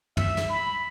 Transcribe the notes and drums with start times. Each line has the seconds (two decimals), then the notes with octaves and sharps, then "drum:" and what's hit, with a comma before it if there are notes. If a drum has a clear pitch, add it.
0.17 E5, drum: tom
0.37 drum: snare
0.49 B5